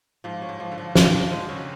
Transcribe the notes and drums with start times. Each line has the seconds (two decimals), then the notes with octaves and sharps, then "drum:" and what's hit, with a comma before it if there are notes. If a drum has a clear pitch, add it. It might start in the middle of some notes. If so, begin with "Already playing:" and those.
0.24 G#2 F3
0.42 C#4
0.49 G#2
0.60 F3
0.72 D3
0.78 F3
0.96 D#3 F3, drum: snare
1.13 D3 F3
1.31 D3 G#3
1.49 C#3 C#4